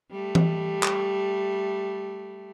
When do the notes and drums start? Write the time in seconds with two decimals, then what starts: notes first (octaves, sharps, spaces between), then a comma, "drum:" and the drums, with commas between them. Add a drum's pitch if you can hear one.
0.11 G3 A3
0.35 drum: tom E3
0.83 drum: clap